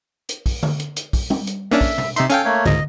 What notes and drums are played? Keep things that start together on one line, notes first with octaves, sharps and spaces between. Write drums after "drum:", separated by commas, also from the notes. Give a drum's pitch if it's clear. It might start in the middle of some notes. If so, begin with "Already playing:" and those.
drum: hi-hat
drum: kick, open hi-hat
drum: tom D3
drum: hi-hat
drum: hi-hat
drum: kick, open hi-hat
drum: tom G3
drum: hi-hat
A#3 C#4 D4 E5
drum: kick, open hi-hat
drum: tom
C3 D#4 E5 C6, drum: hi-hat
C#4 A4 F5 G5 G#5, drum: hi-hat
A3 A#3 C#5
C#2 G#2 D#5, drum: tom D3